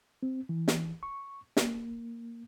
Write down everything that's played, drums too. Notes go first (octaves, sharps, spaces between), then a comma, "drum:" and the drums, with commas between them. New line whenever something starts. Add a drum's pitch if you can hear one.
C4
E3
drum: snare
C#6
A#3, drum: snare